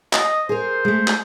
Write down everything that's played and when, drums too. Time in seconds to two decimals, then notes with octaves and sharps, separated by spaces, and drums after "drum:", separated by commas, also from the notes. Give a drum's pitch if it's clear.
0.13 D#5, drum: clap
0.49 G#4 A#4 C5
0.85 G#3 A3
1.08 drum: clap